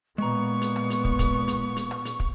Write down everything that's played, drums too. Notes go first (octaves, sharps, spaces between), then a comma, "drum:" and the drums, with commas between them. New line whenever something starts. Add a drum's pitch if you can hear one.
A#2 G#3 B3 A#5 C#6
drum: hi-hat
drum: rim click
drum: hi-hat
drum: kick
drum: kick, hi-hat
drum: hi-hat
drum: hi-hat
drum: rim click
drum: hi-hat
drum: kick